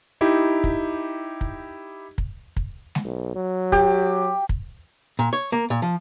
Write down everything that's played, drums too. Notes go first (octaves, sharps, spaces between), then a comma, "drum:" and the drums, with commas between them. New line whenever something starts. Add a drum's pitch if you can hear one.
D#4 E4 G4
drum: kick
drum: kick
drum: kick
drum: kick
drum: snare G#3
B1
F#3
G4, drum: kick
drum: kick
A#2
C#5
A#3
A#2
F3